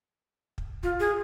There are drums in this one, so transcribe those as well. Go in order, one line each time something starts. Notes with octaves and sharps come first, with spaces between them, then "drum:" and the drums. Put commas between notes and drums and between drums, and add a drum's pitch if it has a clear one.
drum: kick
F4, drum: kick
G#4